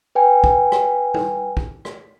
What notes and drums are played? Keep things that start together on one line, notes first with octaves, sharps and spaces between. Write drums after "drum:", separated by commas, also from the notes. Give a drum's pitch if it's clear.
B4 G5 G#5
drum: kick
drum: rim click
drum: tom
drum: kick
drum: rim click